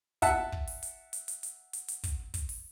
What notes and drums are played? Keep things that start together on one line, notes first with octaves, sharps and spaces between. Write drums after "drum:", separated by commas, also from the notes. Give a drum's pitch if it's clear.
E5 F#5 A5, drum: kick, hi-hat
drum: kick
drum: open hi-hat
drum: hi-hat
drum: hi-hat
drum: hi-hat
drum: hi-hat
drum: hi-hat
drum: hi-hat
drum: kick, hi-hat
drum: kick, hi-hat
drum: open hi-hat